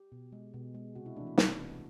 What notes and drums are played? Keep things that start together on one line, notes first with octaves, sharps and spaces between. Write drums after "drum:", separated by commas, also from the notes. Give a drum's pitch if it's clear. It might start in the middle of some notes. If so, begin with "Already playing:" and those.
Already playing: G4
B2
G#3
B2
G#3
C3 F#4
E4
E3 A3 D4
B3
C3 B3, drum: snare
E3 A3